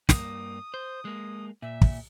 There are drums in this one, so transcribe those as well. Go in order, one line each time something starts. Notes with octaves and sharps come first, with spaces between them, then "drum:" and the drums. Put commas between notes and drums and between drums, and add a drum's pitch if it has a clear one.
G2 A#3 D#6, drum: snare
C5
G#3 A#3
A#2 E5
drum: kick